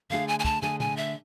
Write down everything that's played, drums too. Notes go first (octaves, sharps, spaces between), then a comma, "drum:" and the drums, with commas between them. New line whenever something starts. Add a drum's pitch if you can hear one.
D3 A3 D4 G#4 F5
G#5
G#5
A5, drum: kick
D3 A3 D4 G#4 G#5
G#5, drum: tom A#2
E5